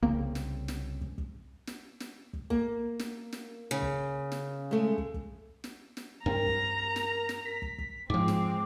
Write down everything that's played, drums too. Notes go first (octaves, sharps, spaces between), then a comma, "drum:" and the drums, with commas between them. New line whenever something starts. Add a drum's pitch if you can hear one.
C2 C#3 A#3 C4
drum: snare
drum: snare
drum: kick
drum: kick
drum: snare
drum: snare
drum: kick
A#3, drum: kick
drum: snare
drum: snare
C#3
drum: kick
drum: snare
G#3 A3
drum: kick
drum: kick
drum: snare
drum: snare
G2 C4 A#4 A#5
drum: kick
drum: snare
drum: snare
B6
drum: kick
drum: kick
G#2 F3 G#3 C4 D6
drum: snare